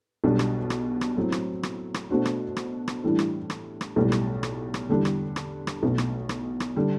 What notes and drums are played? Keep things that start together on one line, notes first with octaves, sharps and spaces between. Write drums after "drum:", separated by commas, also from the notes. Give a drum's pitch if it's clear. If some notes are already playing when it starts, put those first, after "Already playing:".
B1 B2 G3 D4
drum: rim click
drum: rim click
drum: rim click
A2 F#3 C4
drum: rim click
drum: rim click
drum: rim click
B2 A3 D4 F#4 C5
drum: rim click
drum: rim click
drum: rim click
A2 E3 G3 D4
drum: rim click
drum: rim click
drum: rim click
B1 A2 G3
drum: rim click
drum: rim click
drum: rim click
E2 D3 G3 D4 A4
drum: rim click
drum: rim click
drum: rim click
B1 B2 A3
drum: rim click
drum: rim click
drum: rim click
D3 G3 D4